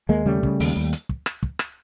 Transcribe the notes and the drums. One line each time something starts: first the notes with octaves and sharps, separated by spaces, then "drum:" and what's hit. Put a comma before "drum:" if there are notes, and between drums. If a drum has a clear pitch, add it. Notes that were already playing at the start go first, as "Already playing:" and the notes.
D#2 G#3 A#3
C#3 G3 A3
C#3, drum: kick
D#2, drum: open hi-hat
D#2
drum: hi-hat
drum: kick
drum: rim click
drum: kick
drum: rim click